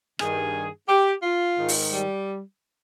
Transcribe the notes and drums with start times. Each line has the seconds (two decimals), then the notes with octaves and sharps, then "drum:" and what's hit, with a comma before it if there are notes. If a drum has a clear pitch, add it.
0.19 G2 D#3 G#4, drum: rim click
0.88 G4
1.22 F4
1.57 G#2 D#3
1.68 drum: open hi-hat
1.91 G3